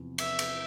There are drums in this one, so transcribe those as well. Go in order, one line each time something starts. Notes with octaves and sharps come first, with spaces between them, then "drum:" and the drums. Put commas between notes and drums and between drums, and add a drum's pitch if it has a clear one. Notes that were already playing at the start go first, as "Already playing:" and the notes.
Already playing: E2 C3 F3
E5, drum: cymbal
drum: cymbal